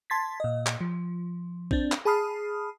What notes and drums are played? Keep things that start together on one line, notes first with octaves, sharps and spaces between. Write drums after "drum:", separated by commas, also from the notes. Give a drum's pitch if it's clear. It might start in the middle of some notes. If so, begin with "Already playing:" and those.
A5 C6 G#6 A6 B6
A#2 D#5
drum: clap
F3
C4 D4, drum: kick A#1
drum: clap
G#4 A5 B5 D#6 F6 C7